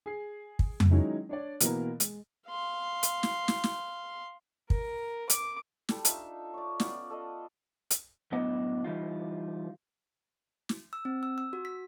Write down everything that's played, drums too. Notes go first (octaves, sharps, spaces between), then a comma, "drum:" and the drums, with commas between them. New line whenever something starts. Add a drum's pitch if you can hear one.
G#4 C7
drum: kick
drum: tom F2
D#3 F#3 G#3 C#4 D#4 E4
D4 C#5 D5
B2 E3 A#3 B3 A#4, drum: hi-hat
G#3, drum: hi-hat
F5 C6
drum: hi-hat
drum: snare
drum: snare
drum: snare
A#4, drum: kick
D6, drum: hi-hat
G3 A4, drum: snare
D4 D#4 F4 E5, drum: hi-hat
C#5 D5
B3 C#4 F4 D5, drum: snare
A4 D5 D#5
drum: hi-hat
F#2 A2 B3 D4 D#5
E3 G3 D#4 F4
drum: snare
E6
C4
E6
E6
F#4
B6